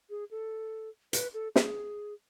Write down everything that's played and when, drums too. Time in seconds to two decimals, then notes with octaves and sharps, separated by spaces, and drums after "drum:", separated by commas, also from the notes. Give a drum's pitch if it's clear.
0.10 G#4
0.31 A4
1.13 B4, drum: hi-hat
1.34 A4
1.56 G#4, drum: snare